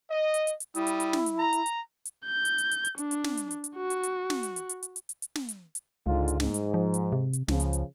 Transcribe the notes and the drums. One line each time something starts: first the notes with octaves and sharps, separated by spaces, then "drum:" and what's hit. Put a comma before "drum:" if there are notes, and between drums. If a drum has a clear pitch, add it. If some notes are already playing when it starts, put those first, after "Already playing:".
D#5
drum: hi-hat
drum: hi-hat
drum: hi-hat
G3 E4 D#6, drum: hi-hat
drum: hi-hat
drum: hi-hat
drum: snare
drum: hi-hat
A#5
drum: hi-hat
drum: hi-hat
drum: hi-hat
G6
drum: hi-hat
drum: hi-hat
drum: hi-hat
drum: hi-hat
D4, drum: hi-hat
drum: hi-hat
drum: snare
drum: hi-hat
drum: hi-hat
drum: hi-hat
F#4
drum: hi-hat
drum: hi-hat
drum: snare
drum: hi-hat
drum: hi-hat
drum: hi-hat
drum: hi-hat
drum: hi-hat
drum: hi-hat
drum: hi-hat
drum: snare
drum: hi-hat
drum: hi-hat
C#2 G#2 D3 F4
drum: hi-hat
G#2, drum: snare
drum: hi-hat
F3
drum: hi-hat
C3
drum: hi-hat
C#2 C#3 F3, drum: snare
drum: hi-hat
drum: hi-hat